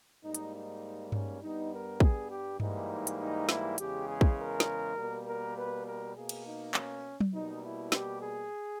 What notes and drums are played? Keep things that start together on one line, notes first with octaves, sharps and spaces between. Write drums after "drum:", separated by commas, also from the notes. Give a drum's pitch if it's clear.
G#2 G3 A#3 D#4
drum: hi-hat
D#4
C#4, drum: tom G2
G2 G3 B3 D#4
A#4
G#4, drum: kick
G4
G#2 E3 G3 A#3 D#4, drum: tom G2
drum: hi-hat
D#4
E4, drum: snare
E2 C#3 G#3 G4, drum: hi-hat
G#4
drum: kick
A#4
drum: snare
B2 G3 A#3
A#4
B4
A#4
B2 A#3 G#4
drum: cymbal
D#4
C#4, drum: clap
drum: tom F#3
B2 G3 A#3 D#4
E4
G4, drum: snare
G#4